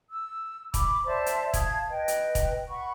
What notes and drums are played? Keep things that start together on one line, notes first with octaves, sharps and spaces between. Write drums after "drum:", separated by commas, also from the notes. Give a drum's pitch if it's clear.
E6
B5 D6, drum: kick, hi-hat
C5 D5 E5 A5
drum: hi-hat
F5 A5 D#6 G#6, drum: kick, hi-hat
B4 D#5 G5
drum: hi-hat
drum: kick, hi-hat
F#5 B5 C#6